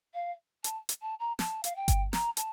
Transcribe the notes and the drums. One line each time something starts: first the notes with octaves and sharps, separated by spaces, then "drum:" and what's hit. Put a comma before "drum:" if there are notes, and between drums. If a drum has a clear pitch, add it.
F5
A5, drum: hi-hat
drum: hi-hat
A5
A#5
A5, drum: snare
F5, drum: hi-hat
G5
drum: kick G1, hi-hat
A#5, drum: snare
A5, drum: hi-hat